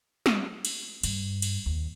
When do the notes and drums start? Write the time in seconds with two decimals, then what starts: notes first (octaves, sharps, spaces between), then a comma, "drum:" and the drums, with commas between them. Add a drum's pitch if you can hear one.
0.26 drum: snare
0.65 drum: cymbal
1.03 G2, drum: cymbal
1.42 drum: cymbal
1.66 D#2